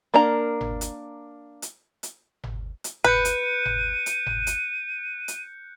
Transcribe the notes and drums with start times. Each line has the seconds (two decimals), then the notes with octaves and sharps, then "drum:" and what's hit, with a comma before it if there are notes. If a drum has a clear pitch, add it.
0.14 A#3 D4 A#4 A#5
0.61 drum: tom G1
0.81 drum: hi-hat
1.62 drum: hi-hat
2.03 drum: hi-hat
2.44 drum: tom G1
2.84 drum: hi-hat
3.04 B4 F#6 G6 C#7 D#7, drum: tom G1
3.25 drum: hi-hat
3.65 drum: tom G1
4.06 drum: hi-hat
4.26 drum: tom G1
4.47 drum: hi-hat
5.28 drum: hi-hat